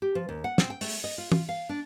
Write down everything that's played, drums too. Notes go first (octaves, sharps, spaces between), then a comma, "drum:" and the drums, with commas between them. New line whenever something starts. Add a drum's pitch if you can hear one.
G4
F3
D#2
F#5
C4, drum: snare
G5
A3, drum: open hi-hat
D#5
F4
F4, drum: tom
F5
D4